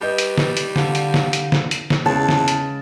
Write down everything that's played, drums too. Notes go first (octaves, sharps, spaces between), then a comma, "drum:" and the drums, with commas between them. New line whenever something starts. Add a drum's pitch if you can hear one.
G3 B4 D#5 G6
drum: hi-hat
drum: snare
drum: hi-hat
D3 F5, drum: snare
drum: hi-hat
drum: snare
drum: hi-hat
drum: snare
drum: hi-hat
drum: snare
E2 C#3 G#3 A5
drum: snare
drum: hi-hat